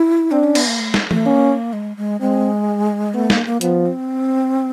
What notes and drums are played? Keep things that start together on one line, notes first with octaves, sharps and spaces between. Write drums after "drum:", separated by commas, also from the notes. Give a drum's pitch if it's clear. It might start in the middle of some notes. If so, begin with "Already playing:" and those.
Already playing: E4
C4 D4
C#4
B3, drum: cymbal
A#3
A3
drum: snare
A3, drum: tom E3
A#3 C#4
G#3
G#3
G#3 C4
A3 B3
A#3, drum: snare
A#3
F3 B3, drum: hi-hat
C4